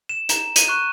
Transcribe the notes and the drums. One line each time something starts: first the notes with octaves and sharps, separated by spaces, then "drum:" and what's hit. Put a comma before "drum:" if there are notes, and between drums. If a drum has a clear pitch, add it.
E7
A#5 E7, drum: hi-hat
D#7, drum: hi-hat
C#6 F#6